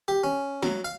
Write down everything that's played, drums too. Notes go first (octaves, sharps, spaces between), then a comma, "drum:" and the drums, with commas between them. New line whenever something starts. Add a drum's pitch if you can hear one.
G4
C#4
F#3, drum: snare
F5